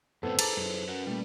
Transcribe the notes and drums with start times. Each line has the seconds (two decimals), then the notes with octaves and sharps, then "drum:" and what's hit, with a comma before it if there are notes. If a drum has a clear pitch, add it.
0.23 F#2 A2 B3 C4 A4 B4 C5
0.39 E4 G#4 A4 A5 A#5 D6, drum: cymbal
0.57 F#2
0.88 C#4 F#4 A#4 B4
1.06 A#2 G3 A3